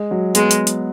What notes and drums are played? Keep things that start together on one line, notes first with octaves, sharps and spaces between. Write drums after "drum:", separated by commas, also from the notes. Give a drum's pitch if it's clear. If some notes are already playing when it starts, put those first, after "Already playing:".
Already playing: G#3
F#3
G#3 B3, drum: hi-hat
drum: hi-hat
drum: hi-hat